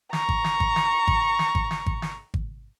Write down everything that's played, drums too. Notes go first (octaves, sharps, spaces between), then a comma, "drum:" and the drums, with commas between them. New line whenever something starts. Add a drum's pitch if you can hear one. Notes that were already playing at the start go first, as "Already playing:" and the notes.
A#5 C#6, drum: snare
drum: kick G#1
drum: snare
drum: kick G#1
drum: snare
drum: kick G#1
drum: snare
drum: kick G#1
drum: snare
drum: kick G#1
drum: snare
drum: kick G#1